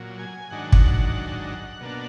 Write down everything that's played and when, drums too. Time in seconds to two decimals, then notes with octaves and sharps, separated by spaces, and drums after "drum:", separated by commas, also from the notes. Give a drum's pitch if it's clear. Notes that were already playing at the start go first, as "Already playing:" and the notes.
Already playing: A#2 F#3
0.19 G#5
0.51 G#2 D#3 F#3 D4 F#5
0.72 F#5, drum: kick
0.94 F#5
1.81 B2 A#3 D4